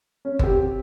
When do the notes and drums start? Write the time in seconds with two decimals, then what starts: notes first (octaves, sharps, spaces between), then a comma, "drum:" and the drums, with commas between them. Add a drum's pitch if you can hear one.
0.25 C#4
0.39 C4 G4, drum: kick G1